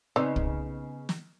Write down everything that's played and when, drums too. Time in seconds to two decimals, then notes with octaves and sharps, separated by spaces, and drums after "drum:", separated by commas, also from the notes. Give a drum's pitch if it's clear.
0.16 C#3 B3 C4 D#4 D5
0.36 drum: kick
1.09 drum: snare